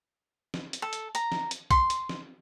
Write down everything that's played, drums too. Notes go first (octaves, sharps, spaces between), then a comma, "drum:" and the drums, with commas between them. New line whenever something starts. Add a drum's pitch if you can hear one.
drum: snare
drum: hi-hat
A4
drum: hi-hat
A#5, drum: hi-hat
drum: snare
drum: hi-hat
C6, drum: kick B1, hi-hat
drum: hi-hat
drum: snare